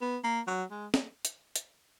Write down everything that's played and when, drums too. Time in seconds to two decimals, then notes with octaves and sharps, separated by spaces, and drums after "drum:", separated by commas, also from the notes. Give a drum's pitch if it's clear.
0.01 B3
0.24 A#3
0.47 F#3
0.71 G#3
0.94 drum: snare
1.25 drum: hi-hat
1.56 drum: hi-hat